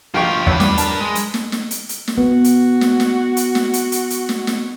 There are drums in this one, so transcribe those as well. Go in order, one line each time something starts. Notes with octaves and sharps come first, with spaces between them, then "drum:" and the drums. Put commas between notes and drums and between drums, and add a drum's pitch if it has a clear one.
A#1 F4 G4 G5 C#6
E2 F3 D4 B4 C#5
G3, drum: snare
A#4 A5, drum: hi-hat
G#3
drum: hi-hat
drum: snare
drum: snare
drum: hi-hat
drum: hi-hat
drum: snare
B3 F#4
drum: hi-hat
drum: snare
drum: snare
drum: hi-hat
drum: snare
drum: hi-hat
drum: hi-hat
drum: hi-hat
drum: snare
drum: snare